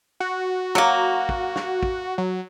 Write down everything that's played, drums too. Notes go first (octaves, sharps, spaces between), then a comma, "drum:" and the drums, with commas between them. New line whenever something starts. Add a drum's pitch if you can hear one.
F#4
F#3 A#3, drum: snare
drum: kick
drum: snare
drum: kick
F#3